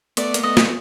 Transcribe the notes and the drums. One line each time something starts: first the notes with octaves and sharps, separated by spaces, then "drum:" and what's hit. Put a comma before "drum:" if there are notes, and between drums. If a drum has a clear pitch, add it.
A3 B3 D5, drum: hi-hat
A#3, drum: hi-hat
A3 B3 D#5
drum: snare